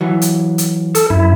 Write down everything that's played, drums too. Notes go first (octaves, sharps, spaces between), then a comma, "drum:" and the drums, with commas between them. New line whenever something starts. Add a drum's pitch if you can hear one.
E3 F#3
drum: hi-hat
drum: hi-hat
A4, drum: hi-hat
F#2 E4